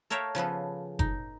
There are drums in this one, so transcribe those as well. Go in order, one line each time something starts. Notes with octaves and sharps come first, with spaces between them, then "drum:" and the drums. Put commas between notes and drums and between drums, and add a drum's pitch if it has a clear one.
A4 A#4 C#5 E5 F5 G5
C#3 F3 B3 A4
D#4, drum: kick F#1